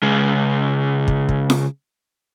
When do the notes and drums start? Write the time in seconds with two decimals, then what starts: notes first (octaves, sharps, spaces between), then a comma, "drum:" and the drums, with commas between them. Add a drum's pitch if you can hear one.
0.02 C#3 G#3
1.08 drum: kick
1.29 drum: kick
1.50 drum: snare F4